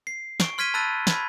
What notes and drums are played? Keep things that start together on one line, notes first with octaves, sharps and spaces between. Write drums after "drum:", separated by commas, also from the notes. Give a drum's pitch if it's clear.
C7
C#6 D7, drum: snare
C6 F6 G#6 B6 D#7 G7
A5 B5 E6 F#6 A6 D#7
B5 G#6, drum: snare